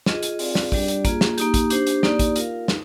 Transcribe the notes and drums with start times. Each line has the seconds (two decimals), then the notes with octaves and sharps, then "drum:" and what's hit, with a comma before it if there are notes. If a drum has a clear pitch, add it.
0.06 F4 G#4 D#5, drum: snare
0.23 drum: hi-hat
0.39 C4 F4 G#4 D5 F5, drum: open hi-hat
0.55 drum: snare
0.72 G3 D4 G4 D5, drum: kick, open hi-hat
0.88 drum: hi-hat
1.05 A#3 F4 G#4, drum: kick, hi-hat
1.21 drum: snare
1.38 A#3 D#4 G4, drum: hi-hat
1.54 drum: kick, hi-hat
1.70 D4 G4 C5, drum: hi-hat
1.87 drum: hi-hat
2.03 A#3 D#4 G4 D5, drum: snare
2.19 drum: kick, hi-hat
2.36 F4 A#4 F5, drum: hi-hat
2.68 D#4, drum: snare